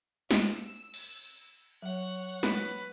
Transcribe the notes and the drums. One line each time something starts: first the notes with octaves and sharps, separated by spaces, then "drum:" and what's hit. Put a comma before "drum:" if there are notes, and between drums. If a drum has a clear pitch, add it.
E6, drum: snare
drum: cymbal
F#3 C#5 F#5
B4, drum: snare